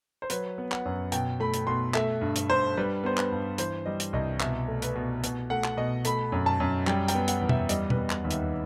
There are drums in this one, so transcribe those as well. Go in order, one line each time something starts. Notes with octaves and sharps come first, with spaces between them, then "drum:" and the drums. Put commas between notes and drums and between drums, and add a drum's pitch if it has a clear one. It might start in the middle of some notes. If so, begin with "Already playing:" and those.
C5
F#3 B4, drum: hi-hat
B3
F#5, drum: clap
F#2
B2 G5, drum: hi-hat
A3 B5
drum: hi-hat
B2 C6
A3 E5, drum: clap
G2
drum: hi-hat
G2 C5
G3 B4
B3 C5
B4, drum: clap
G2
E3 C5, drum: hi-hat
G3 D#5
drum: hi-hat
C2 D#5
B2 E5, drum: clap
A3
B4, drum: hi-hat
B2
B2, drum: hi-hat
A3 F#5
drum: clap
B2 D#5
A3 B5, drum: hi-hat
F#2
A5
F#2
G3 G5, drum: clap
G5, drum: hi-hat
B3
F#5, drum: hi-hat
E2
E5, drum: tom B2
G3 D#5, drum: hi-hat
B4, drum: tom B2
B3
D#5, drum: clap
D#2
E5, drum: hi-hat